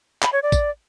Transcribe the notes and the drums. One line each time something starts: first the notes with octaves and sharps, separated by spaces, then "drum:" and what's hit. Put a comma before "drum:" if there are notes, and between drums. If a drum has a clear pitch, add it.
B5, drum: clap
C#5
D5
drum: kick, tambourine